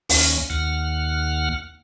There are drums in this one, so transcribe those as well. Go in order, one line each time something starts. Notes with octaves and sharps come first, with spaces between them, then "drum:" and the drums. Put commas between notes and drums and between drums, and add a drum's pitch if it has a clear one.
D#2 C#4, drum: open hi-hat
D#2 F#5 F6